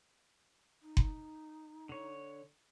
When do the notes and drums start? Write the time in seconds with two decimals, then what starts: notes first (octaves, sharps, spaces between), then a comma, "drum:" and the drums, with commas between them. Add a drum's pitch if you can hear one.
0.82 D#4
0.97 drum: kick F#1
1.89 D3 C#5